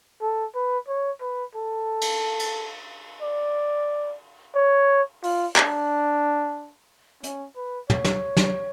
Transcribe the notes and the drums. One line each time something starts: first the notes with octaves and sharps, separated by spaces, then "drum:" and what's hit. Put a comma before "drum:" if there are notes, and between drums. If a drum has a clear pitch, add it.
A4
B4
C#5
B4
A4
drum: cymbal
drum: cymbal
D5
C#5
F4, drum: open hi-hat
D4, drum: clap
C#4, drum: hi-hat
B4
C#5, drum: tom
drum: snare
drum: snare